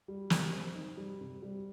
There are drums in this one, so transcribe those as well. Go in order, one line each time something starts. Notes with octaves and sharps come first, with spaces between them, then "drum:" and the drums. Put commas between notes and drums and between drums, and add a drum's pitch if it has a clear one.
G3
C3, drum: snare
C4
D#4
G3
C3
G3